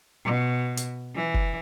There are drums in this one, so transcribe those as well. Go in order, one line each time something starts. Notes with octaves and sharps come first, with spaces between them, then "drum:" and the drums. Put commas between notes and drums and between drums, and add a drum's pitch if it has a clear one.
B2
drum: hi-hat
E3
drum: kick